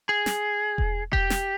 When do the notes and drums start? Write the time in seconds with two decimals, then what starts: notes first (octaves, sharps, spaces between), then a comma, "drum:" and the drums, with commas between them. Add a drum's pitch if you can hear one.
0.09 G#4
0.26 drum: snare
0.78 drum: kick E1
1.13 G4, drum: kick E1
1.30 drum: snare